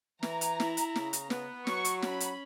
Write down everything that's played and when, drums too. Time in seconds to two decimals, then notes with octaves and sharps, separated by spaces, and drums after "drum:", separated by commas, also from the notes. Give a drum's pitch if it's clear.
0.23 E3 A#5, drum: snare
0.41 drum: hi-hat
0.60 E4, drum: snare
0.77 drum: hi-hat
0.96 C#3, drum: snare
1.13 drum: hi-hat
1.30 B3, drum: snare
1.67 F#3 C#6, drum: snare
1.85 drum: hi-hat
2.02 C#4 B5, drum: snare
2.20 drum: hi-hat